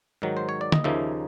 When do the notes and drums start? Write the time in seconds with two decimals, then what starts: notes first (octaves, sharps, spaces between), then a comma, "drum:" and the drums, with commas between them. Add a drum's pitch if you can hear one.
0.22 G#2 D#3 F#3
0.37 C5
0.49 C#5
0.61 D5
0.72 D#5, drum: tom
0.84 D#2 C#3 F3 A#3 D#4 E5